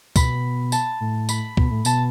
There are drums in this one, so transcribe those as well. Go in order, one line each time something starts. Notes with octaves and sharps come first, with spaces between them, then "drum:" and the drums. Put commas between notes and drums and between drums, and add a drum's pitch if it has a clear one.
B2 B5, drum: kick C#2, tambourine
A5, drum: tambourine
A2
B5, drum: tambourine
B2, drum: kick C#2
A2
B2 A5, drum: tambourine